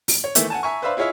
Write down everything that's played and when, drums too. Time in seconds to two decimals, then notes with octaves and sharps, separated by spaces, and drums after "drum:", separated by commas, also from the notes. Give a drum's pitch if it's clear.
0.08 drum: open hi-hat
0.24 C#5
0.35 D#3 E3 A3 E5, drum: hi-hat
0.50 F#5 G#5 A5
0.63 E5 G#5 A#5 C#6
0.82 B4 C5 D5 E5 F5 B5
0.97 E4 F4 G#4 C#5 D#5 E5